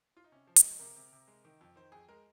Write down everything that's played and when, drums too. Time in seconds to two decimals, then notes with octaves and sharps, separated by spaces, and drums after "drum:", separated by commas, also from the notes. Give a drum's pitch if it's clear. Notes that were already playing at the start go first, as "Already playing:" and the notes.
0.17 F4
0.24 D#4
0.32 C3 C#4
0.47 F3
0.56 D#4, drum: hi-hat
0.64 G#3
0.79 C3 A#4
0.96 C3
1.13 C3
1.28 G#3
1.45 D#3
1.61 F2
1.76 D#3 C5
1.92 F2 G#4
2.09 G#3 A#4